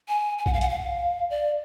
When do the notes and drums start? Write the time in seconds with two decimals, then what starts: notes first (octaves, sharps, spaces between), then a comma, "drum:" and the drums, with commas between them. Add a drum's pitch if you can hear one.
0.08 G#5
0.38 G#5
0.46 F#5, drum: kick
0.53 F5
0.61 F#5, drum: hi-hat
0.69 F5
1.30 D5